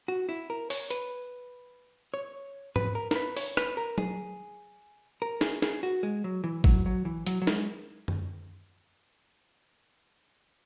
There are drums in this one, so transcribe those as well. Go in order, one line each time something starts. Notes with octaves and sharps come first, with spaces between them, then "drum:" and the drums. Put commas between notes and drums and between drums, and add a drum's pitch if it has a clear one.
F#4
E4
A#4
C#5, drum: open hi-hat
B4, drum: hi-hat
C#5
B4, drum: tom G#2
A#4
A#4, drum: snare
B4
C#5, drum: open hi-hat
B4, drum: rim click
A#4
G#4, drum: tom F#3
A#4
G#4, drum: snare
G#4, drum: snare
F#4
G#3
F#3
E3
F#3, drum: kick G#1
F#3
E3
F#3, drum: hi-hat
F#3
G#3, drum: snare
drum: tom F#2